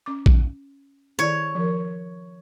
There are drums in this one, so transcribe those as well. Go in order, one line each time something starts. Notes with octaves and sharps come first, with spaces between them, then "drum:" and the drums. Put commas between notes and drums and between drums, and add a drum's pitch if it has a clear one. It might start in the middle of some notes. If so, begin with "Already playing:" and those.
C#4 D6
drum: kick A#1
D#3 E4 C#5 D5
F3 A#4